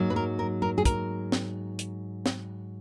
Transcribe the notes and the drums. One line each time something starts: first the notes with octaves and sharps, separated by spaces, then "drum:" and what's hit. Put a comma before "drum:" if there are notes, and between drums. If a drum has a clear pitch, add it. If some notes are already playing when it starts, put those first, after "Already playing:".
Already playing: G#2 F#3 A#3
B4
A#4
A#4
A#4
G#4
A#4, drum: kick, hi-hat
drum: snare
drum: hi-hat
drum: snare